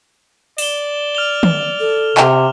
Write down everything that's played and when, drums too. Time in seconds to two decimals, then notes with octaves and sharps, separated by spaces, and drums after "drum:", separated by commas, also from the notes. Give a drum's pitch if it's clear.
0.58 D5 E7 G7, drum: open hi-hat
1.15 F6 F7 G7
1.43 drum: tom
1.80 A4
2.17 C3, drum: clap